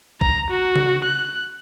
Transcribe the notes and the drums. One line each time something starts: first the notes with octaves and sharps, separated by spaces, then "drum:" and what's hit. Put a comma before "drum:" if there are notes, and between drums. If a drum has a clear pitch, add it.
A#5, drum: kick
F#4
drum: tom C#3
F#6